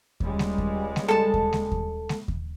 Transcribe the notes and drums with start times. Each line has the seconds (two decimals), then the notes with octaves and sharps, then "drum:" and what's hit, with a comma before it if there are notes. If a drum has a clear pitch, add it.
0.20 C#2 G3 G#3, drum: kick D#2
0.39 drum: snare G#3
0.58 drum: kick D#2
0.96 drum: snare G#3
1.08 A4 A5
1.34 drum: kick D#2
1.53 drum: snare G#3
1.71 drum: kick D#2
2.09 drum: snare G#3
2.28 drum: kick D#2